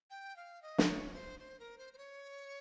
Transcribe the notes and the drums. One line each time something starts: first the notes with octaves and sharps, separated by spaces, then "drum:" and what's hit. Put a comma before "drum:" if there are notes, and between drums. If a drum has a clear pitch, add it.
G5
F5
D#5
drum: snare
C#5
C5
C5
A#4
C5
C5
C#5